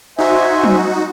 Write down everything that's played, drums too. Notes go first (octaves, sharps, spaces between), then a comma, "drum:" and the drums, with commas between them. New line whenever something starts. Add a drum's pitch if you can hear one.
D#4 F#4 C5 E5 G#5
drum: tom F#3